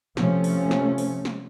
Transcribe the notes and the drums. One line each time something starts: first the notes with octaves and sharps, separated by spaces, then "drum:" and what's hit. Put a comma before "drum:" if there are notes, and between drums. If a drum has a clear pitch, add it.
C3 F3 A3 C#4, drum: snare
drum: open hi-hat
drum: snare
drum: open hi-hat
drum: snare